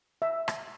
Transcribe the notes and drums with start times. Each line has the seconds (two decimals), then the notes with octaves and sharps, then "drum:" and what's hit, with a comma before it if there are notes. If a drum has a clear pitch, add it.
0.22 E5
0.48 drum: rim click